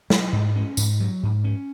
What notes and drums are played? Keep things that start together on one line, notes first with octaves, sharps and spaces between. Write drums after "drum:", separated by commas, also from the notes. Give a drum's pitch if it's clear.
F#3, drum: snare
G#2
C#4
G#2, drum: tambourine
F#3
G#2
C#4